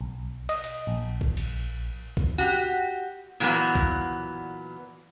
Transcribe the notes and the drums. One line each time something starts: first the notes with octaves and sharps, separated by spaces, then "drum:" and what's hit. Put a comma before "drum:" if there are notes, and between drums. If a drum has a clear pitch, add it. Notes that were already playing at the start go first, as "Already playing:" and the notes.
B1
D#5, drum: cymbal
drum: hi-hat
A#1
drum: kick B1
drum: cymbal
drum: kick B1
F#4 G4
A#2 E3 F#3 A#3 B3
drum: kick B1